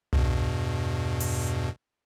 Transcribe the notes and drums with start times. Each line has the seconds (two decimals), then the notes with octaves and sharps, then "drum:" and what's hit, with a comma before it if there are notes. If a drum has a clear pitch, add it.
0.13 E2 G2 B2, drum: tom C2
1.20 drum: open hi-hat